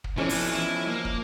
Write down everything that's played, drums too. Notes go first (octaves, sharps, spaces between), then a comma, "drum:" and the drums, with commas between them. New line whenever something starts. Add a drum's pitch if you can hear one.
drum: kick
B1 E3 F3 C#4 D5 C#7
drum: open hi-hat
E4
A#3
drum: kick